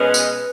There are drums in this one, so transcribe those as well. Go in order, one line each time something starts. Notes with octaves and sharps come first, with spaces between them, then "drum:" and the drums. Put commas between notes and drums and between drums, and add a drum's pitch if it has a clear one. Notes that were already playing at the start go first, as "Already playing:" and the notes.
Already playing: B2 G#3 C#4 B4
drum: tambourine